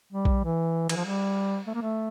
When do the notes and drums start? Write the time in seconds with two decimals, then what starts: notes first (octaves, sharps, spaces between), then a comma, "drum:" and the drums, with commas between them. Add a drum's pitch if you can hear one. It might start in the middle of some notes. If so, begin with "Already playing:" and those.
0.13 G3
0.25 drum: kick A#1
0.44 E3
0.89 E3, drum: cymbal
0.97 F3
1.04 G3
1.67 A3
1.74 A#3
1.82 A3